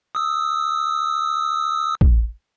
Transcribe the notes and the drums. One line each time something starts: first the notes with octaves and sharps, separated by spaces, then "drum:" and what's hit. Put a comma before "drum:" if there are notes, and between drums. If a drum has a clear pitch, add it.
D#6 E6
drum: kick A1